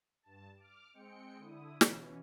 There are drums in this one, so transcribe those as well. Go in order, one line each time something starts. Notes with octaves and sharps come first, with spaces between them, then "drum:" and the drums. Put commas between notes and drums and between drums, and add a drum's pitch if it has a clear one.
G2 A5
D6 F6
G#3 C4 G5 C#7
D3 E4 D#6
B2 E3 C#4, drum: snare